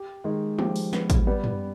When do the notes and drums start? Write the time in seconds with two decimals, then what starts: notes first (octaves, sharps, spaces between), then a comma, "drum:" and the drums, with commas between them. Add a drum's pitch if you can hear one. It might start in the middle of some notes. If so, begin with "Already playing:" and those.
Already playing: G4
0.24 D#3 G#3
0.59 F3 G4, drum: tom
0.76 drum: open hi-hat
0.93 B3, drum: snare
1.10 drum: kick A1, hi-hat
1.27 G3 B3
1.44 drum: tom